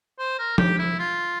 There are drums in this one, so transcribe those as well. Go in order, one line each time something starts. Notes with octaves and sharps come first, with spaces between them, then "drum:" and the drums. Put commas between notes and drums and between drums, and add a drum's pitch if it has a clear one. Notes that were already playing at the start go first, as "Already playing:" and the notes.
C5
A#4
G4, drum: tom F3
E4
F4